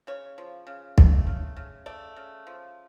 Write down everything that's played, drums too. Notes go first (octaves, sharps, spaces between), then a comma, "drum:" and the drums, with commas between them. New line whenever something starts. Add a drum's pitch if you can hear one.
C#3 C#5
F3
C#3
A3, drum: kick
C#3
C#3
A3 D5
C#3
F3